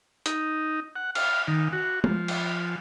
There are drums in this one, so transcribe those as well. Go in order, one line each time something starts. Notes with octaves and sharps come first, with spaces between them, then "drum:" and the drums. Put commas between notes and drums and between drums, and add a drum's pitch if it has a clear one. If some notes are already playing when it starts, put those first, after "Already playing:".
D#4, drum: hi-hat
F#5
F5, drum: cymbal
D#3
F#4
F3, drum: tom G#3
drum: cymbal